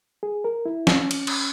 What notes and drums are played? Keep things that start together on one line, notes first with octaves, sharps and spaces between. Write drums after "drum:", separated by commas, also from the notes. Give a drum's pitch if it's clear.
G#4
A#4
E4
C#4, drum: snare
drum: cymbal
drum: cymbal